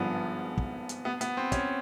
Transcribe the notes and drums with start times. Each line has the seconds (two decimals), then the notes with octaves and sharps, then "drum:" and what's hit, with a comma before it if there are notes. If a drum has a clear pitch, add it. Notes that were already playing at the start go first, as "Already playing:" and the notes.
Already playing: G#1 G2 D3 F3 B3
0.57 drum: kick
0.89 drum: hi-hat
1.05 B3
1.21 B3, drum: hi-hat
1.37 C4
1.52 C#4, drum: kick, hi-hat